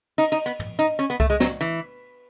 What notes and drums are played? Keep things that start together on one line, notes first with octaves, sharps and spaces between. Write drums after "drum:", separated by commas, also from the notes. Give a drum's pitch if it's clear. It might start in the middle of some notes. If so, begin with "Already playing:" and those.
D#4, drum: cymbal
D#4
B3
drum: tom
D#4
C#4
B3
A3, drum: kick C2
G#3
F#3, drum: snare
E3